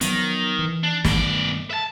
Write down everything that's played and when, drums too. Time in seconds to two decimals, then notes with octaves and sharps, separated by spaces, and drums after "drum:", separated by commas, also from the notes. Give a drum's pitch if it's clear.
0.01 D#3 F3 F#3 B3, drum: hi-hat
0.59 E3
0.83 D4
1.05 G2 B2 D#3 A3 D5, drum: snare
1.71 E5 A5